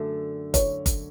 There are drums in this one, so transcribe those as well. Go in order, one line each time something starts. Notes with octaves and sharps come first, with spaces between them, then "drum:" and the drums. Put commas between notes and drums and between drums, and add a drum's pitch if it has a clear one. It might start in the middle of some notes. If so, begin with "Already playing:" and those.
Already playing: F#2 D3 A3
C#5, drum: kick G1, hi-hat
drum: kick G1, hi-hat